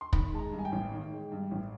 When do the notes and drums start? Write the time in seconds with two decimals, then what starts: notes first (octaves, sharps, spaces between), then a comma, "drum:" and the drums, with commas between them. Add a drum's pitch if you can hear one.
0.01 C6
0.13 D#3 B5, drum: kick
0.32 G#3 A5
0.39 A#5
0.52 G2
0.59 G#5
0.65 G5
0.72 A1
0.92 D#3
1.12 G#3
1.32 G2
1.51 A1